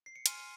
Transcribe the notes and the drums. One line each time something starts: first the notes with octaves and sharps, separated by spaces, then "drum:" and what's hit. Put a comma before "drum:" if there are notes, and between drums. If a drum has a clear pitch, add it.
C7
C#7
G#5 C6 F6 D#7, drum: hi-hat